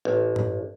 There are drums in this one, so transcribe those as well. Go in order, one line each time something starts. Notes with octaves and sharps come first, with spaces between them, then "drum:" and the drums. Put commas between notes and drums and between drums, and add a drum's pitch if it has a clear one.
A1
drum: tom G2